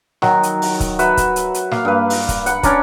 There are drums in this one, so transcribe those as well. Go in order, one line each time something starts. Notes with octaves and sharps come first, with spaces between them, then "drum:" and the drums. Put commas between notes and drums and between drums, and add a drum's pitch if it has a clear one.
D#3 F#3 F#4, drum: snare
drum: hi-hat
drum: open hi-hat
drum: kick, hi-hat
F#4 B4 E5, drum: hi-hat
drum: kick, hi-hat
drum: hi-hat
drum: hi-hat
A#3 F5, drum: snare
G2 B4
drum: open hi-hat
drum: kick, hi-hat
F#5 B5, drum: hi-hat
C#4 D4 D5 A#5, drum: kick, hi-hat